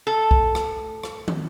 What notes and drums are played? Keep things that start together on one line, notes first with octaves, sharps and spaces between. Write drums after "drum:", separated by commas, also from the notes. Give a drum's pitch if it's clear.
A4
drum: kick
drum: rim click
drum: rim click
drum: tom